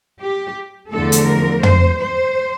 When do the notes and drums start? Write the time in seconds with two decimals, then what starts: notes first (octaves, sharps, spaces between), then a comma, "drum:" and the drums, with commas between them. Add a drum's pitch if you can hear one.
0.20 G4
0.92 E2 D3 F3 A3 A4
1.12 drum: hi-hat
1.27 A#4
1.63 C5, drum: tom
2.00 C5